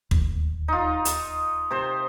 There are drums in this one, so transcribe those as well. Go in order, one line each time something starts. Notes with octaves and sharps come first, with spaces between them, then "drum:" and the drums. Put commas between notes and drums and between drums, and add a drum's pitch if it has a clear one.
D1 D#2, drum: kick
D#4 F4
drum: hi-hat
C3 C5